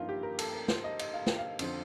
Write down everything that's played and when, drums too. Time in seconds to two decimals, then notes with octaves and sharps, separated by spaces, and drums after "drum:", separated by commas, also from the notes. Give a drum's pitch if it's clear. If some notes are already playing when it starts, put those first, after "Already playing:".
Already playing: A1 G2 F3 A#3 D#4 F4
0.09 G4
0.23 A#4
0.39 A4, drum: cymbal
0.53 A#4
0.68 C5, drum: snare
0.84 D#5
0.99 D#5, drum: cymbal
1.14 F5
1.27 G5, drum: snare
1.38 F5
1.59 F2 D3 F3 C4, drum: cymbal